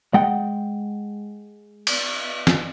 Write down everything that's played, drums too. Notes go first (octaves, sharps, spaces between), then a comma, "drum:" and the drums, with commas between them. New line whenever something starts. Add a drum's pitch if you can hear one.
G#3 F#5 G5
drum: cymbal
drum: snare